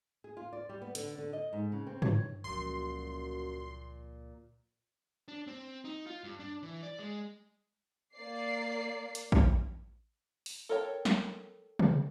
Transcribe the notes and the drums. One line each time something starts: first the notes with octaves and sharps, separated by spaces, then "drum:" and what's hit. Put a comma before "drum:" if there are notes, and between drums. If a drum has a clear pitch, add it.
G#4
F4
D5
G3
B3
D3, drum: hi-hat
D3
D#5
G#2
C#3
C4
C#5, drum: tom
C#2 F#2 A#2 F3 F#4 A#4 C6
D4
C4
D#4
F4
G2
D4
E3
D5
G#3
A#3 D5 C7
drum: hi-hat
drum: kick A1
drum: open hi-hat
A4 A#4 C#5 G5
drum: snare
drum: tom